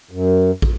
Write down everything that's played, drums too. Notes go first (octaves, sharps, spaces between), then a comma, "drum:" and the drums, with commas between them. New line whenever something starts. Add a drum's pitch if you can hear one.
F#2
drum: kick